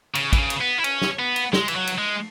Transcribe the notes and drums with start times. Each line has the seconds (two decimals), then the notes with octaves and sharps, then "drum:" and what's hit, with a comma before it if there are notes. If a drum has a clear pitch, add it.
0.15 C#3, drum: cymbal
0.33 E3, drum: kick, cymbal
0.39 C#3
0.50 drum: cymbal
0.61 B3
0.78 E4
0.84 C#4, drum: cymbal
1.02 drum: snare
1.19 B3
1.36 drum: cymbal
1.53 G#3, drum: snare
1.68 E3, drum: cymbal
1.76 F#3
1.87 drum: cymbal
1.98 G#3